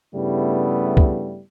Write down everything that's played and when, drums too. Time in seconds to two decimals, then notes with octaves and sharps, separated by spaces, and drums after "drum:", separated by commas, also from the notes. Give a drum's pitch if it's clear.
0.15 G2 C#3 G3 A3 B3 E4
0.97 drum: kick C2